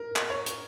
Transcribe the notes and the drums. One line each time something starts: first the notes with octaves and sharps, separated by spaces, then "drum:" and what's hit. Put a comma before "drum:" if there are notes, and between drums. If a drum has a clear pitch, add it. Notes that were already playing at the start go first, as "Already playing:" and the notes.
Already playing: A#4
drum: clap
C#5
drum: hi-hat